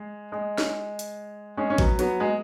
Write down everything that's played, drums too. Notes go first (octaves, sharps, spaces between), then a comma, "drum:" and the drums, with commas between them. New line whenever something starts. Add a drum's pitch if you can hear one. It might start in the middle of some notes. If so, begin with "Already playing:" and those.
Already playing: G#3
G#3
drum: snare
drum: hi-hat
G#3 C#4
C#4
F#3 B3, drum: kick A1
F#3 B3, drum: hi-hat
G#3